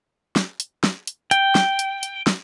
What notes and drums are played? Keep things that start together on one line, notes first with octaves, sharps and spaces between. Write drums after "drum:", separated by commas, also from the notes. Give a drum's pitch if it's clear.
drum: snare
drum: hi-hat
drum: snare
drum: hi-hat
G5, drum: hi-hat
drum: snare
drum: hi-hat
drum: hi-hat
drum: snare